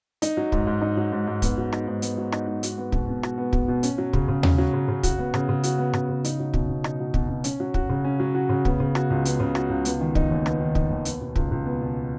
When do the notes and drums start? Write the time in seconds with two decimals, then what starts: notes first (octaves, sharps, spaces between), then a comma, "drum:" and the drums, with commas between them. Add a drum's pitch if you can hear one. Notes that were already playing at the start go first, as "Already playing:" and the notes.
0.22 D#4, drum: hi-hat
0.37 F#3
0.52 G#2, drum: kick
0.67 G#2
0.82 D#4
0.97 F#3
1.12 G#2
1.27 G#2
1.42 B3, drum: kick, hi-hat
1.58 F#3
1.73 D#4, drum: rim click
1.88 G#2
2.02 B3, drum: hi-hat
2.18 F#3
2.32 D#4, drum: rim click
2.47 G#2
2.63 F#4, drum: hi-hat
2.78 B3
2.92 B2, drum: kick
3.08 B2
3.23 F#4, drum: rim click
3.38 B3
3.53 B2, drum: kick
3.68 B2
3.83 C#4, drum: hi-hat
3.98 F#3
4.13 C#3, drum: kick
4.28 C#3
4.43 C#4, drum: tom D#2
4.58 F#3
4.74 C#3
4.88 C#3
5.03 F#4, drum: kick, hi-hat
5.19 B3
5.34 C#3, drum: rim click
5.49 C#3
5.63 F#4, drum: hi-hat
5.78 B3
5.93 C#3, drum: rim click
6.09 C#3
6.25 D#4, drum: hi-hat
6.39 F#3
6.54 B2, drum: kick
6.69 B2
6.84 D#4, drum: rim click
7.00 F#3
7.14 B2, drum: kick
7.29 B2
7.44 C#4, drum: hi-hat
7.60 F#3
7.74 F#4, drum: kick
7.89 C#3
8.05 C#4
8.20 F#3
8.35 F#4
8.49 C#3
8.65 B3, drum: kick
8.80 C#3
8.95 F#4, drum: rim click
9.10 C#2
9.25 B3, drum: hi-hat
9.40 C#3
9.55 F#4, drum: rim click
9.70 C#2
9.85 B3, drum: hi-hat
10.00 D#3
10.15 D#4, drum: kick
10.30 D#2
10.46 B3, drum: rim click
10.60 D#3
10.75 D#4, drum: kick
10.91 D#2
11.05 B3, drum: hi-hat
11.21 B2
11.36 C#2, drum: kick
11.51 C#2
11.66 B3
11.81 B2